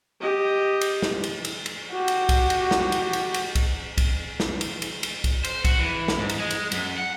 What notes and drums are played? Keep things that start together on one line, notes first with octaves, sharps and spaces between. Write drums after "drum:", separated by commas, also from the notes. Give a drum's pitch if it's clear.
G4 D#5
drum: cymbal
drum: snare
drum: cymbal
drum: cymbal
drum: cymbal
F#4 G4
drum: cymbal
drum: kick C2, cymbal
drum: cymbal
drum: snare
drum: cymbal
drum: cymbal
drum: cymbal
drum: kick C2, cymbal
drum: kick C2, cymbal
drum: snare
drum: cymbal
drum: cymbal
drum: cymbal
drum: kick C2, cymbal
C5, drum: cymbal
F#4, drum: kick C2, cymbal
E3
drum: snare
G#2
drum: cymbal
G#3
drum: cymbal
F#2, drum: cymbal
F#5